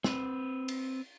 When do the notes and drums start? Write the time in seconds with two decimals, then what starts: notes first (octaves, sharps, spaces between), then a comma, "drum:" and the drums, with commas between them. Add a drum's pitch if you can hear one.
0.04 C4 B4, drum: snare
0.68 drum: cymbal